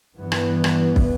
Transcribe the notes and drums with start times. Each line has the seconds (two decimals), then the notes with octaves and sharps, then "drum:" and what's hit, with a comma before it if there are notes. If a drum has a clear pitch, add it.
0.16 G2 E3 B3
0.32 drum: rim click
0.64 drum: rim click
0.96 drum: kick